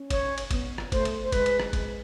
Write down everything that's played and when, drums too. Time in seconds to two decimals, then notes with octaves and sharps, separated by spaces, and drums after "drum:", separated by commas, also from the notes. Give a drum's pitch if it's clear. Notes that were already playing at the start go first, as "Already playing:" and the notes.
Already playing: C#4
0.10 C#5, drum: kick, cymbal
0.38 drum: cymbal
0.51 B3, drum: kick, cymbal
0.78 drum: rim click
0.92 A3 C5, drum: kick, cymbal
1.05 drum: cymbal
1.24 C5
1.32 G#3 B4, drum: kick, cymbal
1.46 drum: cymbal
1.60 drum: rim click
1.73 G#3, drum: kick, cymbal